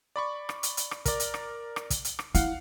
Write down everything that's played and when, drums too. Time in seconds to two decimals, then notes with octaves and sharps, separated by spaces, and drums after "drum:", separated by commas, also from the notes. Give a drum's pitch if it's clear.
0.16 D5 B5 C#6
0.49 drum: rim click
0.63 drum: hi-hat
0.77 drum: hi-hat
0.91 drum: rim click
1.05 A#4 D5, drum: kick, hi-hat
1.20 drum: hi-hat
1.34 drum: rim click
1.76 drum: rim click
1.90 drum: kick, hi-hat
2.05 drum: hi-hat
2.19 drum: rim click
2.35 E4 F5 F#5, drum: hi-hat